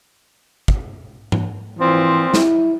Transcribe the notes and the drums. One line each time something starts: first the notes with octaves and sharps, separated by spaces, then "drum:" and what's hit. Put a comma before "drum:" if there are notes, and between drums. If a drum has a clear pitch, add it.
drum: kick
drum: tom G#2
A#2 E3 F3 C4
E4, drum: snare